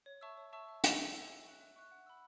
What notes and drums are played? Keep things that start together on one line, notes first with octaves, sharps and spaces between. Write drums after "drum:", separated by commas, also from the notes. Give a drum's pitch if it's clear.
C#5
E5 A5 C#6 E6
C#5
E5 A5 C#6 E6
E5
C#6 E6, drum: hi-hat
E5
C#6 E6
E5
C#6 F#6
E5
C#6 F#6
F#5
B5 E6